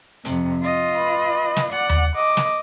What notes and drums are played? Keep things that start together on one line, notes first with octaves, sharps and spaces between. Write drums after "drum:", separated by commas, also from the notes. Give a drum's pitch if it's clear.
F2 C3, drum: hi-hat
F4 D#5
B4
drum: snare
D5 F#5
drum: tom D#2
D#5 D6
drum: snare